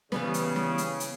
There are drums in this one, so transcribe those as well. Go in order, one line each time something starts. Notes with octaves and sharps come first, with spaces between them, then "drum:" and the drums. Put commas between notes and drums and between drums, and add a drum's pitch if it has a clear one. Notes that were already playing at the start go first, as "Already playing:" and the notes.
C#3 E3 G3 B3, drum: snare
drum: hi-hat
drum: snare
drum: hi-hat
drum: hi-hat